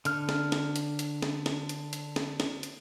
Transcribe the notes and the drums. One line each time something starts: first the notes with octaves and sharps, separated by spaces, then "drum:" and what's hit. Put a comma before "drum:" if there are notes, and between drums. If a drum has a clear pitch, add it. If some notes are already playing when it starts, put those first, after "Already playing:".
D3 F6, drum: hi-hat
drum: snare
drum: snare
drum: hi-hat
drum: hi-hat
drum: snare
drum: snare
drum: hi-hat
drum: hi-hat
drum: snare
drum: snare
drum: hi-hat